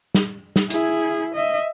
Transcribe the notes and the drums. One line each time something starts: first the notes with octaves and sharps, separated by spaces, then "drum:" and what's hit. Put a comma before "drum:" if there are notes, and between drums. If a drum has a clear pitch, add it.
drum: snare
drum: snare
E4 G#4, drum: hi-hat
D#5 E5